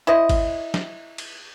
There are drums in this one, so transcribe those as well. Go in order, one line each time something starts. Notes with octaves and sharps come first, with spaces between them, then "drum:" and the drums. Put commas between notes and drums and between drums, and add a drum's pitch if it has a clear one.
E4 C5 D#5
drum: kick G#1, cymbal
drum: snare
drum: cymbal